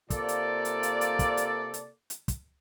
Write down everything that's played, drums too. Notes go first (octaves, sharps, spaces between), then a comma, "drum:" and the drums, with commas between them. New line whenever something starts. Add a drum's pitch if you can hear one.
C3 A#3 F4 A4 D5, drum: kick, hi-hat
drum: hi-hat
drum: hi-hat
drum: hi-hat
drum: hi-hat
drum: kick, hi-hat
drum: hi-hat
drum: hi-hat
drum: hi-hat
drum: kick, hi-hat